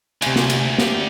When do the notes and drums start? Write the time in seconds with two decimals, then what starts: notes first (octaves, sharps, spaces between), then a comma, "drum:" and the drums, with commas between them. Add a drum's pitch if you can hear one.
0.22 D2 C3 G#5, drum: cymbal
0.36 drum: snare
0.50 drum: cymbal
0.78 G4, drum: snare